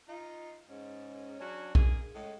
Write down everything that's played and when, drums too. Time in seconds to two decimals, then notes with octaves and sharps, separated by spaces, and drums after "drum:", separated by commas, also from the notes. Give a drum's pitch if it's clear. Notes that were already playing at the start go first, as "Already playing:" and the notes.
0.09 D#4 F4
0.69 G#2 C#4
1.39 F#3 C#4 D4 F#4
1.75 A#3 G#4, drum: kick B1
2.14 A2 C#3 G#3